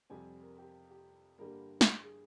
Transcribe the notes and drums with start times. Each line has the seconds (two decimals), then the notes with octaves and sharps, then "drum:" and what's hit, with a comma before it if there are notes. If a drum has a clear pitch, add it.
0.10 F2 C3 G3 C4 G#5
0.42 A#4
0.58 G4
0.91 G4
1.38 G2 D3 G3 A#3 A#4
1.81 drum: snare
2.04 G#4